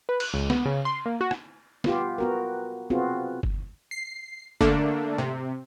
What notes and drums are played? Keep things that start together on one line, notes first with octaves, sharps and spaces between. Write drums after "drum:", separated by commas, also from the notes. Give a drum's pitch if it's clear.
B4
F#6, drum: cymbal
C#2
B3, drum: snare
C#3
C6
A#3
F#4
drum: rim click
B3 F4 G4, drum: snare
B3 F#4 A#4
B3 C4 F4 F#4 G#4
drum: kick F#1
C7
D3 A3 A#3 D4, drum: kick F#1
C3, drum: tom